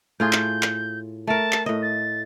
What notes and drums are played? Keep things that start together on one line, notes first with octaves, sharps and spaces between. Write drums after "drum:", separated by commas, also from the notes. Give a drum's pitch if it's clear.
A2 F4 G#4 G6
drum: clap
drum: clap
A3 A#4 A5
drum: clap
A2 D#5
A6